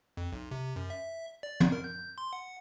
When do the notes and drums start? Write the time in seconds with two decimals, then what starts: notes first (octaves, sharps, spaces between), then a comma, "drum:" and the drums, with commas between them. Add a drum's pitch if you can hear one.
0.17 F2
0.32 B1
0.51 C3
0.76 F#2
0.90 E5
1.43 D5
1.60 drum: tom
1.72 A#4
1.84 G6
2.18 C6
2.33 F#5